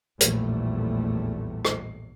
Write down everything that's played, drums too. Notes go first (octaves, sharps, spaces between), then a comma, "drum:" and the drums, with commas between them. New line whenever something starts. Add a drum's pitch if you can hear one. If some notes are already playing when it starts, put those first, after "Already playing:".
A#1 E2 A2 G3 A3, drum: hi-hat
drum: rim click